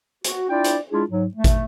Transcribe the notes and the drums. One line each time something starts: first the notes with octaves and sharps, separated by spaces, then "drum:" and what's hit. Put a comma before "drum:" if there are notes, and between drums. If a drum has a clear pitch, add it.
F#4, drum: hi-hat
D4 E4 F4 D5 G5
drum: hi-hat
G#3 D4 E4 F4 G#4
G#2 F#3
A3
drum: kick, hi-hat